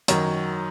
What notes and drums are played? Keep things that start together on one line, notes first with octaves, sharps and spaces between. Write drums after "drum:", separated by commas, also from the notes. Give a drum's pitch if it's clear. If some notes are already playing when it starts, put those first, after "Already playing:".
F#2 D#3 F#3 C#5, drum: hi-hat